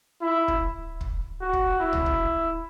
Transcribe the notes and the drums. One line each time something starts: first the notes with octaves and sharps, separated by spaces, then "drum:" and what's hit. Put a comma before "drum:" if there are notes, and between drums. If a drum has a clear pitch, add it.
E4
drum: kick
drum: kick
F#4
drum: kick
E4
drum: tom C2
drum: kick